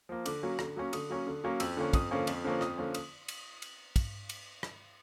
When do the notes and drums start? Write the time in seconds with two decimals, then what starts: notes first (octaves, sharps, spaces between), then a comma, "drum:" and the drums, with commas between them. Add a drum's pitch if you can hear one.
0.09 F3 A#3
0.26 D3 D6, drum: cymbal
0.43 F#3 A#3 C#4
0.59 D3, drum: rim click
0.76 F#3 A#3 C#4
0.93 D3 D#6, drum: cymbal
1.10 F#3 A#3 C#4
1.27 D3
1.44 F#3 A#3 C#4
1.60 F2 E6, drum: cymbal
1.77 D3 F3 A#3 C#4
1.93 F2 D#6, drum: kick, cymbal
2.11 D3 F3 A#3 C#4
2.27 F2, drum: cymbal
2.44 D3 F3 A#3 C#4
2.61 F2 D#6, drum: rim click
2.78 D3 F3 A#3 C#4
2.94 D#6, drum: cymbal
3.28 drum: cymbal
3.62 drum: cymbal
3.96 drum: kick, cymbal
4.29 drum: cymbal
4.63 drum: rim click